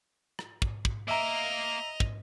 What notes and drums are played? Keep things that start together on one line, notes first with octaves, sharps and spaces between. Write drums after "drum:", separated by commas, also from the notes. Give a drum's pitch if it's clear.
drum: rim click
drum: kick
drum: kick
A#3 D#5 E5 A#5 F7
drum: kick